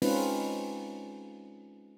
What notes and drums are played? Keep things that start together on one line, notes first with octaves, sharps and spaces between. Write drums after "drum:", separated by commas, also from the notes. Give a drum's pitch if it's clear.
G#3 C4 C#4 D#4 F4 B4, drum: open hi-hat